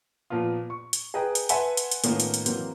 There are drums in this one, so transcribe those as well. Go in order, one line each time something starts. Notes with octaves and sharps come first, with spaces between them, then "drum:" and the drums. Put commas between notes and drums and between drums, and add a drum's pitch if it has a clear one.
A#2 F3 B3 F4
C#6
drum: hi-hat
G#4 B4 D#5 G5 A#5
drum: hi-hat
B4 E5 F#5 G#5 A5 C6, drum: hi-hat
drum: hi-hat
drum: hi-hat
A2 D#3 A#3 B3 C#4 F4, drum: hi-hat
drum: hi-hat
drum: hi-hat
E3 F#3 A#3 C4, drum: hi-hat